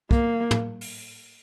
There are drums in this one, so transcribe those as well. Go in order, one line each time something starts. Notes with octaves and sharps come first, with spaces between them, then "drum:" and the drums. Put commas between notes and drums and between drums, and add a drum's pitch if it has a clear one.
A#3, drum: kick
drum: tom
drum: open hi-hat